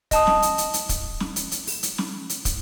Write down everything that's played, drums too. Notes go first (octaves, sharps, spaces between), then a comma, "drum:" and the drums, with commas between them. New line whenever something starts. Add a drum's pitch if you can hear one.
D#5 A5 D#6, drum: kick, hi-hat
drum: snare
drum: hi-hat
drum: hi-hat
drum: hi-hat
drum: kick, hi-hat
drum: snare
drum: hi-hat
drum: hi-hat
drum: open hi-hat
drum: hi-hat
drum: snare
drum: hi-hat
drum: kick, hi-hat